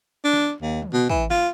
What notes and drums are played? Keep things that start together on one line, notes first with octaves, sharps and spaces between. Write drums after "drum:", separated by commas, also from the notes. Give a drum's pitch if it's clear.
D4
drum: snare
D#2
drum: tom
B2
E3, drum: kick
F4, drum: snare